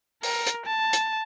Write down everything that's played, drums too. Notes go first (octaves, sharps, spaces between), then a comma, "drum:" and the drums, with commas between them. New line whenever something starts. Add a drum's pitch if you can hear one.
A#4, drum: open hi-hat
drum: hi-hat
A5
drum: hi-hat